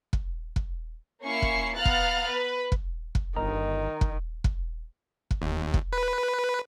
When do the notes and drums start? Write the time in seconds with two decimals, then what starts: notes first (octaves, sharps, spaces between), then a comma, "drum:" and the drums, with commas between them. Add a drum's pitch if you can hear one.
0.13 drum: kick
0.56 drum: kick
1.24 A#3 C#4 E4 C#6 C7
1.42 drum: kick
1.76 B3 F5 A#5 F6 F#6 A6
1.85 drum: kick
2.29 B4
2.72 drum: kick
3.15 drum: kick
3.36 G1 D#3 A#4 D#5 A#5
4.01 drum: kick
4.44 drum: kick
5.31 drum: kick
5.42 D#2
5.74 drum: kick
5.93 B4